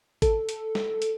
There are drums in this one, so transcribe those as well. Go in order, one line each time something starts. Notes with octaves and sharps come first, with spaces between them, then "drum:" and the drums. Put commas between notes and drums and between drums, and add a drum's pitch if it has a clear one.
A4, drum: kick G#1, hi-hat
drum: hi-hat
drum: snare
drum: hi-hat